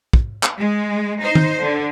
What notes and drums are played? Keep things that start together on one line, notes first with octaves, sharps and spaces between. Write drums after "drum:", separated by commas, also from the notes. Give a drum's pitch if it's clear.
drum: kick
drum: clap
G#3
D#4 C5
drum: tom
D3